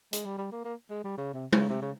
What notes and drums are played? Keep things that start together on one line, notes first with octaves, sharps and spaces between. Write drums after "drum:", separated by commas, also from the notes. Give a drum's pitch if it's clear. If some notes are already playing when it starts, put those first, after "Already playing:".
G#3, drum: hi-hat
G3
G3
A#3
A#3
G#3
G3
C#3
C3
C#3, drum: tom G#3
C3
C#3